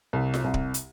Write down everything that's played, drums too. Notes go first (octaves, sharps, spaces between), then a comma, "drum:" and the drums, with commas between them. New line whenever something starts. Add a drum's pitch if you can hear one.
C2
drum: snare F4
C2
drum: kick D1
drum: hi-hat